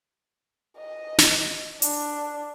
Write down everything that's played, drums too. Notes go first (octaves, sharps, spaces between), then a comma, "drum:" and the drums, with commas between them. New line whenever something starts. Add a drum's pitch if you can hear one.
D#5
drum: snare
D4, drum: hi-hat